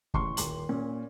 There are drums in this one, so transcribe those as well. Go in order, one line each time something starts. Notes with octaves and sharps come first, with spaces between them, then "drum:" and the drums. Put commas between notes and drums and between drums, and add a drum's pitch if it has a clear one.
A1 C6 C#6, drum: kick
D#1 C6 F#7, drum: hi-hat
A#2 C#4